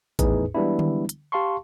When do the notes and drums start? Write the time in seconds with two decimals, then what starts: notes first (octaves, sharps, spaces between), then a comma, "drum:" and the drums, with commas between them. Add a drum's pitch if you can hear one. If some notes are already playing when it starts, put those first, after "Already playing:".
0.19 G#1 E2 A2 D#4 G#4 B4, drum: kick A1, hi-hat
0.54 E3 G3 G#3 B3 D4 E4
0.79 drum: tom D3
1.09 drum: hi-hat
1.32 G4 F5 A5 C6 C#6